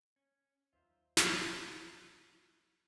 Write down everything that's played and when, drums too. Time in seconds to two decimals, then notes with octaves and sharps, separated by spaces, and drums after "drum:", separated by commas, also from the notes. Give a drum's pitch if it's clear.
0.16 C#4
0.73 D#2 F#3 B3 D#4 F4 C5 E5
1.17 drum: snare